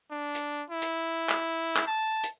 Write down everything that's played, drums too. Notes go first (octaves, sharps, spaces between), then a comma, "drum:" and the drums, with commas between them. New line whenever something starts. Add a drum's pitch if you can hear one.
D4
drum: hi-hat
E4
drum: hi-hat
drum: clap
drum: clap
A5
drum: hi-hat